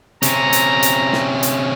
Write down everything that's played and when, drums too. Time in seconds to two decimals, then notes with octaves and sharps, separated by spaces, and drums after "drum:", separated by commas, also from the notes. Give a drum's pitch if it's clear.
0.23 C3 C#4 A#5, drum: hi-hat
0.53 drum: hi-hat
0.83 drum: hi-hat
1.13 drum: snare
1.43 drum: hi-hat